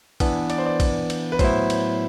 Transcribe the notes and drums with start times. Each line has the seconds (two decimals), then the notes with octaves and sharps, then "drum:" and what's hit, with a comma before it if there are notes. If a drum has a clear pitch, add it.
0.20 E3 B3 D4, drum: kick, cymbal
0.50 D5, drum: cymbal
0.58 C5
0.66 D5
0.80 drum: kick, cymbal
1.10 drum: cymbal
1.32 B4
1.39 A2 F#3 B3 E4 C5, drum: kick, cymbal
1.70 drum: cymbal